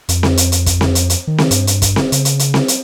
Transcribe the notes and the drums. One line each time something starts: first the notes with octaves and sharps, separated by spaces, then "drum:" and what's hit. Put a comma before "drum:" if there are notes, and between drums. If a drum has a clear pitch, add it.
F2, drum: hi-hat
drum: snare C4
drum: hi-hat
drum: hi-hat
drum: kick, hi-hat
drum: snare C4
drum: hi-hat
drum: hi-hat
D#3
drum: snare C4
G2, drum: hi-hat
drum: hi-hat
drum: kick, hi-hat
drum: snare C4
C#3, drum: hi-hat
drum: hi-hat
drum: hi-hat
drum: snare C4
drum: hi-hat